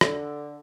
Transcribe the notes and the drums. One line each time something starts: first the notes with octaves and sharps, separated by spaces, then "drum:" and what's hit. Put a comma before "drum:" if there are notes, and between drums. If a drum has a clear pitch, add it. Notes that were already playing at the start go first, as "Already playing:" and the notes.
D3, drum: rim click